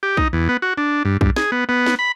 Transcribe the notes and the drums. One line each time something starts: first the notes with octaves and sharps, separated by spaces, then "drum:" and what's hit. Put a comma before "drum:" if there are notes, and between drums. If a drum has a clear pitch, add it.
G4
D#4, drum: kick B1
E2
B3
F#4
D4
G2
G2, drum: kick B1
G#4, drum: snare
B3
B3
drum: snare
B5